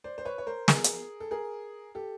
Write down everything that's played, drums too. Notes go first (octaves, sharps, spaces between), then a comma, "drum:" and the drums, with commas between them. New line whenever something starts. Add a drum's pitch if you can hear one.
C5 D5
C5
B4 C#5
C#5
A#4 C5
G#4 A#4, drum: snare
drum: hi-hat
A4
G#4 A#4
G4 A4